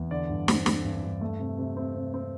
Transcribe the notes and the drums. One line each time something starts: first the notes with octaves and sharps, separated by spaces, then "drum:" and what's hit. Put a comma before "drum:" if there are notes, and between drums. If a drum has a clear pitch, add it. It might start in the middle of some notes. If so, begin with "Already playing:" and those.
Already playing: E2
D3 D5
G2
C4, drum: snare
C4, drum: snare
G2
G2
A3
C3
C3
C4
C3
C4